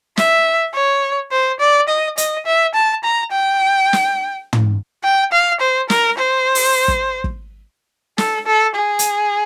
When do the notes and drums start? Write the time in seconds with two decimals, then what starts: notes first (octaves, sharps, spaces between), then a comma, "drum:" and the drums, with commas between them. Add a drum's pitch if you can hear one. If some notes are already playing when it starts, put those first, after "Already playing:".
0.17 E5, drum: snare
0.74 C#5
1.32 C5
1.60 D5
1.89 D#5
2.18 D#5, drum: hi-hat
2.46 E5
2.74 A5
3.04 A#5
3.32 G5
3.93 drum: snare
4.53 drum: tom
5.04 G5
5.32 F5
5.61 C5
5.90 A#4, drum: snare
6.18 C5
6.55 drum: open hi-hat
6.88 drum: kick
7.24 drum: kick
8.18 A4, drum: snare
8.47 A4
8.75 G#4
8.99 drum: hi-hat